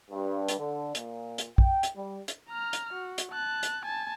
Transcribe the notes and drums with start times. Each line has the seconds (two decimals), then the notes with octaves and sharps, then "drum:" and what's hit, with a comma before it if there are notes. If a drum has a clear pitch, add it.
0.11 G2
0.48 drum: hi-hat
0.58 D3
0.95 A#2, drum: hi-hat
1.38 drum: hi-hat
1.58 G5, drum: kick A#1
1.83 drum: hi-hat
1.97 G3
2.28 drum: hi-hat
2.49 A#5 F6
2.73 drum: hi-hat
2.93 F#4
3.18 drum: hi-hat
3.32 A5 F#6
3.63 drum: hi-hat
3.85 G#5 A5